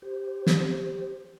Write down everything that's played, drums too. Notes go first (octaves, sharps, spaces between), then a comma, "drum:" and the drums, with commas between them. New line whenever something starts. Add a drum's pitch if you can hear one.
G4 C5
drum: snare